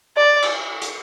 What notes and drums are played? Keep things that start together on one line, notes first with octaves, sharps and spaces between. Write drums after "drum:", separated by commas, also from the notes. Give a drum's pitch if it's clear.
D5
drum: cymbal
drum: hi-hat